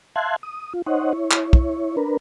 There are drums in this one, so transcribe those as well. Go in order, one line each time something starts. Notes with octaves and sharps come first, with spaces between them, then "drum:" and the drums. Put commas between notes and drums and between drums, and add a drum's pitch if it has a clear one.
E5 F5 A5 C6 F#6 G#6
D#6
F4
D#4 C5 C#5 D#5 F#5
E4 C#5
drum: clap
drum: kick
D4 A#4 B4